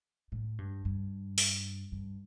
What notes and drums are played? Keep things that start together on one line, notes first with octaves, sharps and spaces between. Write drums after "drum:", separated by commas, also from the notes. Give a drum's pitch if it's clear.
A2
G2
G2
drum: open hi-hat
G2